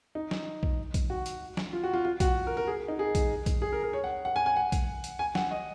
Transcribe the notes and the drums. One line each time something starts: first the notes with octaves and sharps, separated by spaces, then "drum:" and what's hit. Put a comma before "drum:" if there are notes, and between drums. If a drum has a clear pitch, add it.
D#4
drum: snare
drum: kick A#1
drum: kick A#1, hi-hat
F#4
drum: hi-hat
drum: snare
F4
F#4
F4
F4
F#4, drum: kick A#1, hi-hat
A#4
A#4
G#4
D#4
G#4
drum: kick A#1, hi-hat
drum: kick A#1, hi-hat
G#4
A#4
A#4
C#5
F#5
F#5
G#5
G#5
F#5
drum: kick A#1, hi-hat
drum: hi-hat
G#5
F#5, drum: snare
D#5